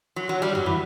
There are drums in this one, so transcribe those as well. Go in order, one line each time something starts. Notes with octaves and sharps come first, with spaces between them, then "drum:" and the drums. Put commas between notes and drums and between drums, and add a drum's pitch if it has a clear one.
F#3
F#3
G3
F#3, drum: tom F2
E3